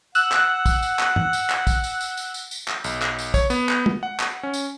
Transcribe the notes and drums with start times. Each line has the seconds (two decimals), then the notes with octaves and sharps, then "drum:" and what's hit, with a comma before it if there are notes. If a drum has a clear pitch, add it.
0.15 F#5 E6 F#6, drum: tambourine
0.32 drum: clap
0.66 drum: kick, tambourine
0.82 drum: tambourine
0.99 drum: clap
1.16 drum: tom
1.33 drum: tambourine
1.50 drum: clap
1.67 drum: kick, tambourine
1.84 drum: tambourine
2.01 drum: tambourine
2.17 drum: tambourine
2.34 drum: tambourine
2.51 drum: tambourine
2.68 drum: clap
2.84 B1, drum: tambourine
3.02 drum: clap
3.19 drum: tambourine
3.34 C#5, drum: kick, tambourine
3.50 B3, drum: tambourine
3.69 drum: clap
3.86 drum: tom
4.03 F#5
4.20 drum: clap
4.43 C#4
4.53 drum: tambourine